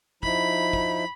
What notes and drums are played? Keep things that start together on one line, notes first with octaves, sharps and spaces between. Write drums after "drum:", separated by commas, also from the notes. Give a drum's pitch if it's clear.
F3 D#4 E4 B5, drum: kick
drum: kick